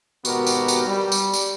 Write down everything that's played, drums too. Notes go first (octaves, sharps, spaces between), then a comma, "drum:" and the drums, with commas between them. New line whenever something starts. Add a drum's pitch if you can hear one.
G#1 B2 B3 F#4 G4 A#4, drum: tambourine
drum: tambourine
drum: tambourine
G3
drum: tambourine
drum: tambourine